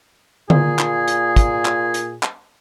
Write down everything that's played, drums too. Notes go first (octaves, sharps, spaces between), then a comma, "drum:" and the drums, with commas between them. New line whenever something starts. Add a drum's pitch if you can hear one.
A#2 G#4, drum: tom D3
drum: clap
drum: hi-hat
drum: kick, hi-hat
drum: clap
drum: hi-hat
drum: clap